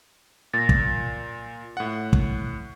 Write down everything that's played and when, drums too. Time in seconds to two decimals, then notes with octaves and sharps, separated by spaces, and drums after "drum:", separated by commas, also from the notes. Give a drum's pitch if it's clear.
0.54 A#2 A6 A#6
0.69 drum: kick
1.77 A2 F#5
2.13 drum: kick